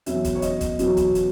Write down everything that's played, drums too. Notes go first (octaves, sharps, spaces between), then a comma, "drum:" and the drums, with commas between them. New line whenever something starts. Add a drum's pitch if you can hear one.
E2 B2 F#3 C#4 E5, drum: hi-hat
drum: kick, hi-hat
C#5
D#5, drum: hi-hat
drum: kick, hi-hat
E2 B2 F#3 C#4, drum: hi-hat
drum: kick, hi-hat
drum: hi-hat